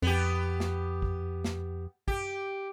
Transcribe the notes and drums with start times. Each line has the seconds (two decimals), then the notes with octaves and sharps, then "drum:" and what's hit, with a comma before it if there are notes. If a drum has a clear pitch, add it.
0.02 F2 B3 G4
0.60 drum: snare
1.02 drum: kick
1.44 drum: snare
2.08 G4, drum: kick